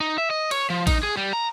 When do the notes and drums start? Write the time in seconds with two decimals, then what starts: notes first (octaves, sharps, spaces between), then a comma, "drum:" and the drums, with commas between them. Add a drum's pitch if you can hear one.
0.01 D#4
0.18 E5
0.30 D#5
0.51 C#5, drum: cymbal
0.70 F3
0.87 D#4, drum: kick, cymbal
1.03 G#4
1.17 G3
1.33 A#5